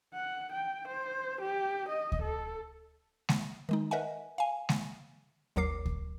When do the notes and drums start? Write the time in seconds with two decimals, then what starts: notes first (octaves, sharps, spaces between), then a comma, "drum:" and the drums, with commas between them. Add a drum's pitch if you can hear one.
0.14 F#5
0.52 G5
0.88 C5
1.41 G4
1.88 D#5
2.12 drum: kick D2
2.22 A4
3.29 drum: snare G#3
3.69 D#3 G#3 D#4
3.91 A#4 B4 D#5 E5 F#5 G#5
4.38 F5 G#5
4.69 drum: snare G#3
5.56 G#1 D#2 F#3 A#4 D6 C7
5.85 drum: kick D2